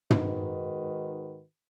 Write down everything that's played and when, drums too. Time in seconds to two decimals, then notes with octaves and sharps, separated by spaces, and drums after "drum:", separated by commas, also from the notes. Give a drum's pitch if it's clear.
0.10 G#2 D#3 F#4 B4, drum: tom